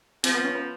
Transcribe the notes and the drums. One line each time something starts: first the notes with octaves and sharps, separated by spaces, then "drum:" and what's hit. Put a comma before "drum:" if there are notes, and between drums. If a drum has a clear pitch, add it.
F3 C4, drum: hi-hat
B3
C#4
B3